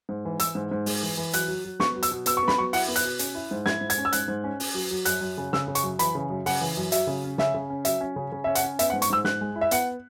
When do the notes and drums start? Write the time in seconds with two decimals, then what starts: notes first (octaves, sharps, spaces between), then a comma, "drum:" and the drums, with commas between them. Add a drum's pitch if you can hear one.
0.09 G#2
0.25 E3
0.40 E3 E6, drum: hi-hat
0.55 G#2
0.71 G#2
0.86 G#3, drum: open hi-hat
1.03 E3
1.17 E3
1.33 F#3 F#6, drum: hi-hat
1.48 F#3
1.65 F#3
1.80 B3 C#6, drum: snare
1.95 F#3
2.03 E6, drum: hi-hat
2.11 B2
2.26 B3 E6, drum: hi-hat
2.37 C#6
2.42 B3
2.48 B5, drum: snare
2.58 F#3 C#6
2.73 E4 F#5, drum: open hi-hat
2.88 B3
2.96 F#6, drum: hi-hat
3.04 B2
3.19 C#4, drum: hi-hat
3.35 E4
3.51 G#2
3.66 E4 G#6, drum: snare
3.81 G#2
3.90 G#6, drum: hi-hat
3.98 C#4
4.05 E6
4.13 G#2 F#6, drum: hi-hat
4.28 G#2
4.44 C#4
4.60 C#4, drum: open hi-hat
4.74 F#3
4.91 F#3
5.05 F#2 F#6, drum: hi-hat
5.21 F#2
5.38 C#3
5.53 C#3 E6, drum: snare
5.68 C#3
5.75 C#6, drum: hi-hat
5.83 F#2
5.99 E3 B5, drum: hi-hat
6.15 C#3
6.30 F#2
6.46 C#3 F#5, drum: open hi-hat
6.61 E3
6.77 F#2
6.92 F#3 E5, drum: hi-hat
7.07 C#3
7.24 C#4
7.38 C#3 E5, drum: snare
7.54 C#3
7.70 C#4
7.85 F#3 E5, drum: hi-hat
8.01 C#4
8.16 C#3
8.32 C#3
8.44 C#4 E5
8.55 F#5, drum: hi-hat
8.63 C#4
8.79 B3 E5, drum: hi-hat
8.90 F#5
8.93 G#2
9.02 C#6, drum: hi-hat
9.10 G#2 E6
9.24 G#2 F#6, drum: snare
9.41 G#3
9.56 E4
9.61 E5
9.71 B3 F#5, drum: hi-hat